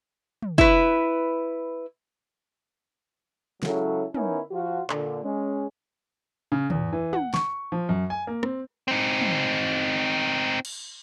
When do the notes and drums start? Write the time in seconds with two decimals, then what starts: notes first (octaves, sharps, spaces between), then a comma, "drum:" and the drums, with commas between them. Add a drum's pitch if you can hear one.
0.42 drum: tom
0.58 E4 B4, drum: kick
3.63 C#3 F#3 G#3 C#4 E4 A4, drum: snare
4.14 B3 C#4 D#4 E4 A#4 C#5, drum: tom
4.51 F3 F4 F#4
4.90 A#2 D3, drum: clap
5.23 G#3 C#4
6.52 C#3
6.70 E2, drum: tom
6.93 E3
7.13 F#5, drum: tom
7.34 C#6, drum: snare
7.72 F3
7.89 F#2
8.10 G#5
8.27 A#3
8.43 C4, drum: rim click
8.88 C4 D#4
9.21 drum: tom
10.65 drum: cymbal